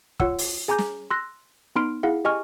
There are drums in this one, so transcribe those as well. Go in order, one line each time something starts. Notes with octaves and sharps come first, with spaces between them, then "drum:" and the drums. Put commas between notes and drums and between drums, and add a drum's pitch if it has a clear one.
F4 C#5 F#5 E6, drum: kick
drum: open hi-hat
G#4 G#5 A#5 D6 G6
drum: snare
C6 E6 F#6 A#6
B3 D#4 B5 C6 F6 D7
E4 G#4 F5 F#5
G4 D#5 G#5 C#6 F6